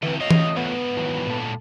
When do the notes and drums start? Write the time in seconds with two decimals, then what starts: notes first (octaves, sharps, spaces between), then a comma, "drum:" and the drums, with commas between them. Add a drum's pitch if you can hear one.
0.02 D3 E3 A3 C4 C#4
0.20 A3 C4 F4 C#5 D#5 F5
0.30 drum: tom E3
0.56 D2 G#2 B3
0.97 D#3 E3 F#3
1.27 A#2 A4